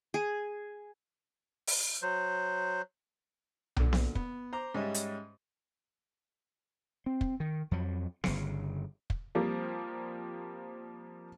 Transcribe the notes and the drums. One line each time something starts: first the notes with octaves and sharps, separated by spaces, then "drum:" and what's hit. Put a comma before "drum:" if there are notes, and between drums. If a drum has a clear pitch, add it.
G#4
drum: open hi-hat
F#3 C5
A#2 D3, drum: tom B1
drum: snare B3
B3, drum: kick
C5 A#5 D6
G#2 G3 C#4 D#5 E5
drum: hi-hat
C4
drum: kick
D#3
F2 F3 F#3
G1 C#3, drum: snare B3
drum: kick
F3 G3 A#3 C4